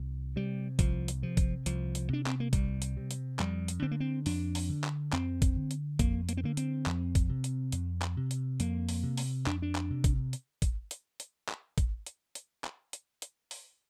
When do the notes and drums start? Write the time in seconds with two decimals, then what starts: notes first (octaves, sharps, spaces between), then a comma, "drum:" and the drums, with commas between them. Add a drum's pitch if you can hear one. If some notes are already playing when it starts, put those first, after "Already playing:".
Already playing: C2
0.36 C3 G3
0.79 C2 F3, drum: kick, hi-hat
1.08 drum: hi-hat
1.22 C3 F3
1.37 drum: kick, hi-hat
1.66 C2 F3, drum: hi-hat
1.95 drum: hi-hat
2.09 C3 D4
2.27 C4, drum: clap
2.40 A#3
2.53 C2 G3, drum: kick, hi-hat
2.82 drum: hi-hat
2.97 C3
3.11 drum: hi-hat
3.39 F2 G3, drum: clap
3.68 drum: hi-hat
3.82 D3 C4
3.91 A#3
4.00 C4
4.26 F2 D4, drum: open hi-hat
4.55 drum: open hi-hat
4.69 D3
4.84 drum: clap
5.13 F2 C4, drum: clap
5.42 drum: kick, hi-hat
5.56 D3
5.71 drum: hi-hat
5.99 F2 A#3, drum: kick, hi-hat
6.29 A#3, drum: hi-hat
6.37 C4
6.43 D3 A#3
6.57 C4, drum: hi-hat
6.86 F2, drum: clap
7.15 drum: kick, hi-hat
7.29 C3
7.44 drum: hi-hat
7.72 F2, drum: hi-hat
8.02 drum: clap
8.17 C3
8.31 drum: hi-hat
8.60 F2 A#3, drum: hi-hat
8.89 drum: open hi-hat
9.03 C3
9.17 drum: open hi-hat
9.47 F2 D4, drum: clap
9.62 D4
9.75 drum: clap
9.90 C3
10.04 drum: kick, hi-hat
10.33 drum: hi-hat
10.62 drum: kick, hi-hat
10.91 drum: hi-hat
11.20 drum: hi-hat
11.49 drum: clap
11.78 drum: kick, hi-hat
12.06 drum: hi-hat
12.35 drum: hi-hat
12.64 drum: clap
12.93 drum: hi-hat
13.22 drum: hi-hat
13.51 drum: open hi-hat